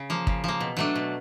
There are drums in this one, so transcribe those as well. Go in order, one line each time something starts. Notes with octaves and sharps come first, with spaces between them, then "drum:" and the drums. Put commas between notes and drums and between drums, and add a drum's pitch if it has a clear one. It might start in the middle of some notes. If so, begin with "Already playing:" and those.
Already playing: C#3
F3 A#3
C#3, drum: kick
F3 A#3
B2
F#3 A3 D4
B2